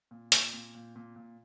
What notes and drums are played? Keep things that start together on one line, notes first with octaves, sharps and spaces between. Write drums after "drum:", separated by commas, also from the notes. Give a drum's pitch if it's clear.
A#2
A#2 G6, drum: hi-hat
A#2
A#2
A#2
A#2